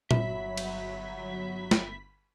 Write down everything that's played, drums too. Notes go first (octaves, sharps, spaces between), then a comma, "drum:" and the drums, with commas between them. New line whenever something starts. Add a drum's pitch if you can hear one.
G1 F#3 E5 B5 B6, drum: tom A#2
drum: cymbal
drum: snare